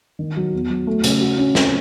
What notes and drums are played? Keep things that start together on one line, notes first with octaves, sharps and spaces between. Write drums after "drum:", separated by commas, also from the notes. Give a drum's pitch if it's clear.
D#3
F#3
E2
F#3
A3
C#3, drum: hi-hat
F#4
C#4
C4, drum: snare